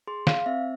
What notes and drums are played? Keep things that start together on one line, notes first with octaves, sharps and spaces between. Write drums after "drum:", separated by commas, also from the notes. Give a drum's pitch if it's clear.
G#4 C6
F5, drum: snare
C4 E5